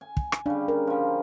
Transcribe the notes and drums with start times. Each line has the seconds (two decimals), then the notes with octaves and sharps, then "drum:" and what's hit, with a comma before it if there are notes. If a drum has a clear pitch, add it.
0.01 G#5
0.17 drum: kick
0.32 drum: rim click
0.46 C#3 G3 D4
0.68 A#4
0.87 F3 G3